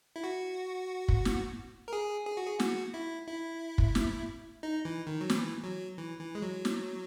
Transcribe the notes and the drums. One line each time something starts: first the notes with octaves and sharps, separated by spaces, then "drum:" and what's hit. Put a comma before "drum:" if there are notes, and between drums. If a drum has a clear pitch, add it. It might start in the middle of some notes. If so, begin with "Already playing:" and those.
E4
F#4
drum: kick
drum: snare
A#4
G#4
G#4
F#4
G#4
F#4, drum: snare
E4
E4
drum: kick
drum: snare
D#4
E3
D#3
F#3
E3, drum: snare
F#3
E3
E3
G#3
F#3
drum: snare